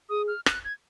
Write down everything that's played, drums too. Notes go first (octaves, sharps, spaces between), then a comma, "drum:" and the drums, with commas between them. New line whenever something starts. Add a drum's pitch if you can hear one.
G#4 D#6
F6
F#6, drum: rim click
G#6